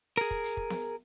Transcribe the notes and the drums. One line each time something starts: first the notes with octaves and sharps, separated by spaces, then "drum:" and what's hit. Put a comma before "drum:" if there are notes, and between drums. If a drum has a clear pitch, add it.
G#4 A#4, drum: hi-hat
drum: kick
drum: hi-hat
drum: kick
drum: snare B3